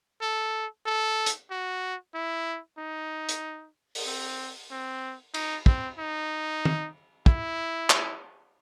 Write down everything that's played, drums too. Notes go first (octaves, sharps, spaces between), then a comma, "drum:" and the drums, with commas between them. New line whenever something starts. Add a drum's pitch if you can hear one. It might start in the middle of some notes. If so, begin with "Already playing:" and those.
A4
A4
drum: hi-hat
F#4
E4
D#4
drum: hi-hat
drum: open hi-hat
C4
C4
D#4, drum: cymbal
C4, drum: kick
D#4
drum: tom
E4, drum: kick
drum: clap